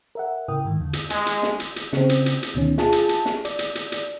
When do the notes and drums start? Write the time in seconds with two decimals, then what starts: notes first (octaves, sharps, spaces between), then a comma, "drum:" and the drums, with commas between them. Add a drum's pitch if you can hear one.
0.15 A#4 E5 F#5
0.48 A2 C#3 E4 A#4 G5 D#6
0.65 G#2 D#3
0.80 E2 D3
0.93 drum: hi-hat
1.10 G#3, drum: hi-hat
1.26 drum: hi-hat
1.43 drum: snare
1.60 drum: hi-hat
1.76 drum: hi-hat
1.93 C#3 C4, drum: snare
2.09 drum: hi-hat
2.26 drum: hi-hat
2.43 drum: hi-hat
2.55 D2 B2 D#3 C#4
2.78 F4 G#4 A5, drum: snare
2.92 drum: hi-hat
3.09 drum: hi-hat
3.26 drum: snare
3.45 D5, drum: hi-hat
3.59 drum: hi-hat
3.75 drum: hi-hat
3.92 drum: hi-hat